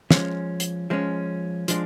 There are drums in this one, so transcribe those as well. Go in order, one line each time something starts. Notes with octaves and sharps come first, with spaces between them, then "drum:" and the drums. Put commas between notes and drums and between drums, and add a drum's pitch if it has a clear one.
F3 G#3 C#4, drum: snare
drum: hi-hat
F3 G#3 C#4
F3 G#3 D4, drum: hi-hat